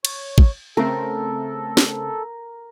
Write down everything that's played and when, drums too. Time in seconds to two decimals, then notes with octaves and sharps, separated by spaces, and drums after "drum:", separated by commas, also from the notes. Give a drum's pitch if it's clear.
0.05 C#5, drum: cymbal
0.38 drum: kick
0.77 C#3 A3 C4 A4 A#4
1.77 drum: snare